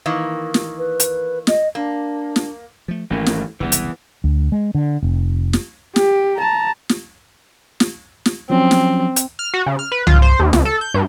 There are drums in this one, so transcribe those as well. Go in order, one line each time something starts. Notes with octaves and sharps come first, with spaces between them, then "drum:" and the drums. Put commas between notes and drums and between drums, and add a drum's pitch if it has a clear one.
D#3 E3 A#3
drum: snare
B4
drum: hi-hat
D#5, drum: snare
A#3 D4
drum: snare
F3 A3
G#1 E3 A3 A#3 C#4
drum: snare
F#1 C2 E3 B3
drum: hi-hat
D2
G#3
D3
F1
drum: snare
G4, drum: snare
A5 A#5
drum: snare
drum: snare
drum: snare
F3 F#3 C4 C#4
drum: snare
drum: hi-hat
F6
F#4
C#3
F6
B4
F4, drum: tom C2
C5
D#2
C#2, drum: snare
A4
G6
G2